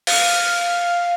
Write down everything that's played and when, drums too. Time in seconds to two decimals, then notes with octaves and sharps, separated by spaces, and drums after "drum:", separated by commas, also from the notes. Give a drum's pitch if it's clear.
0.07 F5, drum: open hi-hat